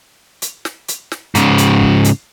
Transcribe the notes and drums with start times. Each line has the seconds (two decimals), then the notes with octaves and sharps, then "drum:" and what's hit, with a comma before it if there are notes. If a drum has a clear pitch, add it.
0.42 drum: hi-hat
0.65 drum: snare
0.88 drum: hi-hat
1.12 drum: snare
1.35 G#2 C#3, drum: hi-hat
1.58 drum: hi-hat
1.81 drum: kick
2.04 drum: hi-hat